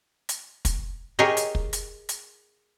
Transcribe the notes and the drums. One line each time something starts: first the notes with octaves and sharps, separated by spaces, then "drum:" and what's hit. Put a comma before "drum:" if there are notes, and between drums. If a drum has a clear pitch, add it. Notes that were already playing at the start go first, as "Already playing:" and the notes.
drum: hi-hat
drum: kick, hi-hat
G4 G#4 A#4 C#5 D#5
drum: hi-hat
drum: kick
drum: hi-hat
drum: hi-hat